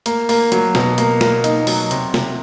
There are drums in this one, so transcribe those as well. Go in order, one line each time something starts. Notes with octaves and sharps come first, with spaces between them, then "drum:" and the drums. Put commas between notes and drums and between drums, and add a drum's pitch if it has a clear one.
A#3, drum: hi-hat
A#3, drum: open hi-hat
F#3, drum: hi-hat
B2, drum: snare
A#3, drum: hi-hat
A#3, drum: snare
D#4, drum: hi-hat
F#3, drum: open hi-hat
C3, drum: hi-hat
C3, drum: snare